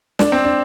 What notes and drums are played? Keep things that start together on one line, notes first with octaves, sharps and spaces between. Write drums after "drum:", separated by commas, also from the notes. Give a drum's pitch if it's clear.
D4, drum: snare
C4
D4